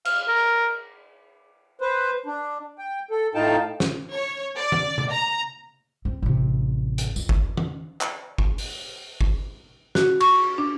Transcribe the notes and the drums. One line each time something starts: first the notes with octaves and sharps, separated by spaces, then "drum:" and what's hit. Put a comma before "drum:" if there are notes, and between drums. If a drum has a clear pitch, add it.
F5, drum: cymbal
A#4
B4 C5
D4
G5
A4
A2 D#4 F4 G5 A5
drum: snare
C#5
D5
drum: tom D#3
drum: tom C3
A#5
C4
A1 C3
drum: hi-hat
F2, drum: tambourine
drum: kick G1
drum: tom D#3
drum: clap
drum: kick G1
drum: open hi-hat
drum: kick G1
F#4, drum: snare
C#6, drum: cymbal
D4